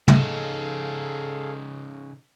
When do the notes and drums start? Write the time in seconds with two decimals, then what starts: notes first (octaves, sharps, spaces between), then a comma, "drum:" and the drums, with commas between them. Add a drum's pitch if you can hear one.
0.08 C#3 D#4 G#4 A4 F5, drum: tom